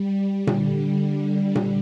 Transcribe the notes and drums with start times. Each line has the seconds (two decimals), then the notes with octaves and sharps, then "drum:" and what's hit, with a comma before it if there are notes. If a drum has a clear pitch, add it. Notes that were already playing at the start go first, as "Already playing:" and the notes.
Already playing: G3
0.47 D3, drum: tom A#2
1.55 drum: tom A#2